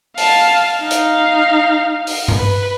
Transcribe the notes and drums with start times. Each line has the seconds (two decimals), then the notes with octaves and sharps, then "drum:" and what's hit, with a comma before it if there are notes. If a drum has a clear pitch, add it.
0.17 F5 A5, drum: open hi-hat
0.79 D#4 F5
0.91 drum: hi-hat
2.07 drum: open hi-hat
2.28 drum: tom G2
2.38 B4